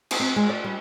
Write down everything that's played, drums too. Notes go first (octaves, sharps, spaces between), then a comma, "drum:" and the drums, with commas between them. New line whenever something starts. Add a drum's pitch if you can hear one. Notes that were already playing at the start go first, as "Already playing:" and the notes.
drum: cymbal
C4
G#3
D5
G3